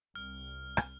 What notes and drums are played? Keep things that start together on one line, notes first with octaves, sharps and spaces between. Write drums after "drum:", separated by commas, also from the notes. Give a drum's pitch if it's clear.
C2 F6
drum: rim click